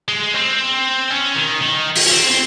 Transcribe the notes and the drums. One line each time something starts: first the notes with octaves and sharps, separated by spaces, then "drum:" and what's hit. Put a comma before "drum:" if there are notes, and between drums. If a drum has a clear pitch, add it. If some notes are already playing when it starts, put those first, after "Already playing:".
G#3
C4
C#4
D#3
D#3
drum: open hi-hat
C#4
C4
C4